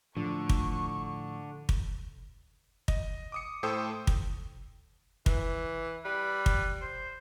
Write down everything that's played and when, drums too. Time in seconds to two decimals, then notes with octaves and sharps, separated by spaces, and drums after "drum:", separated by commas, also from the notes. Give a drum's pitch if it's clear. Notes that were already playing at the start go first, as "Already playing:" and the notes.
0.17 A2 D3 F3 C#6
0.49 drum: kick
1.69 drum: kick
2.88 D#5, drum: kick
3.32 D6 D#6 C#7
3.63 A2 A4 C5 G5 D#6 E6
4.07 drum: kick
5.26 E3, drum: kick
6.05 G3 B4
6.46 drum: kick
6.82 C5